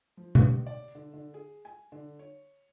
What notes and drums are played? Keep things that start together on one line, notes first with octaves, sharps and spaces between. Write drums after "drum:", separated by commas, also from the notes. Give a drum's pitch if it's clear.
F3
G3, drum: tom B2
D5
D3
D3
G#4
G#5
D3
C#5